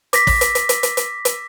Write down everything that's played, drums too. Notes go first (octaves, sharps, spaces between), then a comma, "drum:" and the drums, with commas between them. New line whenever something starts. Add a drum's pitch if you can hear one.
D6 A#6 B6, drum: hi-hat
drum: kick, open hi-hat
drum: hi-hat
drum: hi-hat
drum: hi-hat
drum: hi-hat
drum: hi-hat
drum: hi-hat